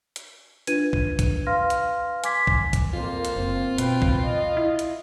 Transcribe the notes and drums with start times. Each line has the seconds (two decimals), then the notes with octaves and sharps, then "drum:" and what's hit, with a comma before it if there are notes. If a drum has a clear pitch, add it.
0.16 drum: hi-hat
0.67 D4 F4 B4 G#6 D#7, drum: hi-hat
0.93 drum: kick
1.19 drum: kick, hi-hat
1.47 B4 F5 C6 F6 A#6
1.70 drum: hi-hat
2.24 G#5 C6 D6 G#6 B6, drum: hi-hat
2.47 drum: kick
2.73 drum: kick, hi-hat
2.93 F2 A#3 F4 C5
3.25 drum: hi-hat
3.36 F#1 C4
3.78 B2 B4 G5, drum: hi-hat
4.02 drum: kick
4.23 D#5
4.57 E4
4.79 drum: hi-hat